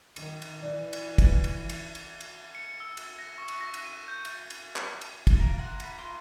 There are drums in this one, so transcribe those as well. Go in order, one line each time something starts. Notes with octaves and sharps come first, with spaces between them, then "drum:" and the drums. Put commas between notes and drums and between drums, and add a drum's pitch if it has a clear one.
D#3, drum: cymbal
drum: cymbal
E3 D5
drum: cymbal
drum: kick, cymbal
drum: cymbal
drum: cymbal
drum: cymbal
drum: cymbal
C#7
E6
drum: cymbal
A#6
C#6
drum: cymbal
A#6
drum: cymbal
D#7
G6
drum: cymbal
drum: cymbal
drum: clap
drum: cymbal
drum: kick, cymbal
A#4 F5
F#5 A#5 C6
A#5 B5, drum: cymbal
F4 C6 D6